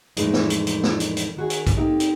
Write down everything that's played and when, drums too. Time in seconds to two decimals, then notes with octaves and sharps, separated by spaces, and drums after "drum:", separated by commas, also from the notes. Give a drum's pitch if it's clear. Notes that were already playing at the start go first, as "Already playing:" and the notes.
0.17 F2 A2 E3 G#3 D4 D#4, drum: hi-hat
0.33 drum: snare
0.50 drum: hi-hat
0.67 drum: hi-hat
0.83 drum: snare
1.00 drum: hi-hat
1.17 drum: hi-hat
1.37 D#3 F#4 G#4
1.50 drum: hi-hat
1.67 drum: kick, hi-hat
1.76 A#3 C4 D#4 G4 A4
2.00 drum: hi-hat